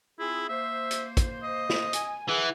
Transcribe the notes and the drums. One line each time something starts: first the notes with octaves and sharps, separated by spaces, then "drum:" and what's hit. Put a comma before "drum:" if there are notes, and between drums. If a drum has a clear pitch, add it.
C4 E4 F4 G#4
A#3 C5 E5
drum: hi-hat
drum: kick, hi-hat
D#5
drum: snare
G#5, drum: hi-hat
E3 G#4 F#5